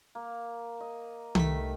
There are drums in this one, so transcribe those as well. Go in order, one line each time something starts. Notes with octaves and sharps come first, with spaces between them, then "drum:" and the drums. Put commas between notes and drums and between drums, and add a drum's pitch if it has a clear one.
A#3
D#5
C2 D#3 A3 B6, drum: tom D#3